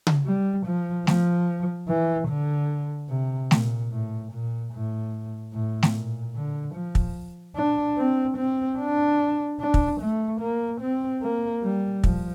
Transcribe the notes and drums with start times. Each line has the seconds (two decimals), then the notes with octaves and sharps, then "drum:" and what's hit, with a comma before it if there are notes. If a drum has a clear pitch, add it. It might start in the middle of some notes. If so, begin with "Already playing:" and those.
0.07 drum: tom C#3
0.26 G3
0.66 F3
1.07 F3, drum: snare A3
1.88 E3
2.28 D3
3.09 C3
3.51 A#2, drum: snare A3
3.92 A2
4.32 A#2
4.73 A2
5.53 A2
5.83 drum: snare A3
5.94 A#2
6.35 D3
6.75 F3
6.95 drum: kick
7.56 D4
7.97 C4
8.37 C4
8.79 D4
9.60 D4
9.74 drum: kick
10.01 A3
10.41 A#3
10.81 C4
11.22 A#3
11.63 G3
12.04 F3, drum: kick